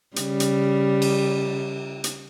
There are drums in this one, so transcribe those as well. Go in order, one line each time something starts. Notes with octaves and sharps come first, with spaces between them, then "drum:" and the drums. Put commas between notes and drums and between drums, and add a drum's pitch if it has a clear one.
C#3 G3, drum: hi-hat
drum: hi-hat
drum: cymbal
drum: hi-hat